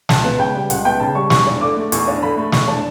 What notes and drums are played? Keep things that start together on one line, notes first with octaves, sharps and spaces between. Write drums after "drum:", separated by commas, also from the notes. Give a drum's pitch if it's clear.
C#2 A5, drum: snare
B3
C#3 G5
G3
C#2 F#5, drum: hi-hat
B3 G5
C#3 A5
G3 C#6
E2 C#6, drum: snare
D4
D3 D6
A3
E2 C#6, drum: hi-hat
D4
D3 B5
A3
E2 C#6, drum: snare
D4 A5